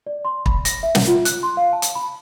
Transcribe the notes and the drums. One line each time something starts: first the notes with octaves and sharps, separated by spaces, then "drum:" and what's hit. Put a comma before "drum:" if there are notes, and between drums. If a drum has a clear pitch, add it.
D5
C6
B5, drum: kick
A#6, drum: hi-hat
E5
F#5, drum: snare
F4
F#6, drum: hi-hat
C6
F5
A5
drum: hi-hat
B5